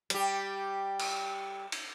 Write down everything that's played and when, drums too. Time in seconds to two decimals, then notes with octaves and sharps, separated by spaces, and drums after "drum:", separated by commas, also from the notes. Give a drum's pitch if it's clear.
0.10 G3 G4, drum: hi-hat
1.00 drum: cymbal
1.72 drum: cymbal